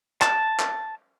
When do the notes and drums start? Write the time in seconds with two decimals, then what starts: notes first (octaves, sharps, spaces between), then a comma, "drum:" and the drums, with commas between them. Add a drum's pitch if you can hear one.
0.22 A5, drum: clap
0.59 drum: clap